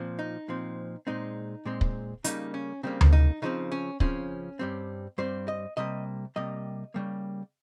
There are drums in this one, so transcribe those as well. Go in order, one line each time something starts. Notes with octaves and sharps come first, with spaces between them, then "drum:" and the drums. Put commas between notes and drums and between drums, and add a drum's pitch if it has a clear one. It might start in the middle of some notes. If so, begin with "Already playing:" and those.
Already playing: A#2 F3 C4
D#4
A#2 F3 C4
A#2 G#3 C4 D#4
A#2 G#3 C4
drum: kick
C#3 G3 A#3 D#4, drum: hi-hat
C#4
C#3 G3 A#3 C4
drum: tom D2
D#4
C#3 F3 C4 D#4
C#4
C#3 F3 C4 C#4, drum: kick
G2 G3 C4
G2 G3 C4 C5
D#5
C3 G3 A#3 D#5
C3 G3 A#3 D#5
C#3 G3 A#3